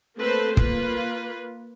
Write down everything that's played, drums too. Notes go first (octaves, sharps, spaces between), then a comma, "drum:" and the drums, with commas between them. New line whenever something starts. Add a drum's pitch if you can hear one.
A3 A#3 C4 A4 B4 C5
A#3 F4 B4, drum: kick